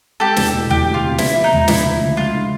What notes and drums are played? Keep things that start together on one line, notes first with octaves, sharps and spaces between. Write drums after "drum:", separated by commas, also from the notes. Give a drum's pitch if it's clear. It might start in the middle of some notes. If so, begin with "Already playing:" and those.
G#3 G4 A4
E2, drum: snare
B2
E3 G4, drum: tom
D2
F4
C3
B3 E4, drum: snare
F3
D#4
G#3, drum: tom
F3 E4, drum: snare
D2
C#3
G#3 F4
D3